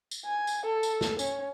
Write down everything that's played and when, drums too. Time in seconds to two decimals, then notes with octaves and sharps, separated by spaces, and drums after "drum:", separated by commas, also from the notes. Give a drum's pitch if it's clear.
0.11 drum: tambourine
0.25 G#5
0.47 drum: tambourine
0.65 A4
0.83 drum: tambourine
1.01 drum: snare
1.19 C#4, drum: tambourine